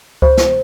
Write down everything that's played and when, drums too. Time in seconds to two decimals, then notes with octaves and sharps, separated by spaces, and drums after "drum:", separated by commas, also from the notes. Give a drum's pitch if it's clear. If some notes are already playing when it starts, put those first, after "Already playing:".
0.22 C5, drum: kick C#2
0.37 drum: snare